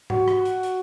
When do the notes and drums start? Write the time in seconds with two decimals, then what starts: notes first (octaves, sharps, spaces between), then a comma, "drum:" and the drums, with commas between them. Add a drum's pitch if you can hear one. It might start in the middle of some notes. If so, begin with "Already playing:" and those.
0.10 F#4, drum: tom G#2
0.28 drum: rim click
0.45 drum: hi-hat
0.63 drum: hi-hat